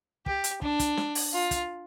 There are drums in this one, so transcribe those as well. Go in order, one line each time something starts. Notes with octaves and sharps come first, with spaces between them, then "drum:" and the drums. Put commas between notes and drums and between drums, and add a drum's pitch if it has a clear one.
G4, drum: kick
drum: hi-hat
D4, drum: kick
drum: kick, hi-hat
drum: snare
drum: open hi-hat
F4
drum: kick, hi-hat